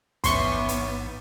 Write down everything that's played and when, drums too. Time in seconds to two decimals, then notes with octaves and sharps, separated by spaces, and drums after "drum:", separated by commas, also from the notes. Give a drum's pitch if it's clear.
0.24 A1 G#2 E3 G3 B3 C#4 C6 C#6, drum: kick, hi-hat
0.68 drum: hi-hat